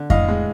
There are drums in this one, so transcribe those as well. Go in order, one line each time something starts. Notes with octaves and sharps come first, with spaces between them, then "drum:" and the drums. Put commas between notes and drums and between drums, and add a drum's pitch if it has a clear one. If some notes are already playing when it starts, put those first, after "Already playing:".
Already playing: D3
A2 D#5 F5, drum: kick F2
G#3